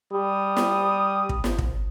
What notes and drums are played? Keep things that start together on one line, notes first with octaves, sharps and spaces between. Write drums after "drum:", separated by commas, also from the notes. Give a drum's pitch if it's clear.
G3 D#6
drum: snare
drum: kick
drum: snare
drum: kick